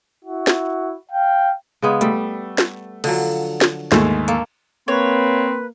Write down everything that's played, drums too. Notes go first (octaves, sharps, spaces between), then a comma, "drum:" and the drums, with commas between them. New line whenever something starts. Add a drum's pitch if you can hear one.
E4 F#4
drum: snare
F5 G5
C#3 G#3 B3
G3 A3, drum: hi-hat
drum: snare
D3 F3 F#3, drum: cymbal
drum: snare
D#2 G#2 A3, drum: snare
A#3 A4, drum: hi-hat
A#3 C4 B4 C#5